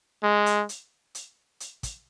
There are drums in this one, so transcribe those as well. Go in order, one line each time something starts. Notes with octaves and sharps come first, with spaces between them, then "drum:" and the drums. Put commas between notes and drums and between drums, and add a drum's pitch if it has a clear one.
G#3
drum: hi-hat
drum: hi-hat
drum: hi-hat
drum: hi-hat
drum: kick, hi-hat